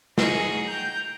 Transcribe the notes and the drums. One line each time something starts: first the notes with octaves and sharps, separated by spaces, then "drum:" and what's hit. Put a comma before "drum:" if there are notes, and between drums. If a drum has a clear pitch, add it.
D#4 F#4 G#4 D#5, drum: snare
G5 A#5 G6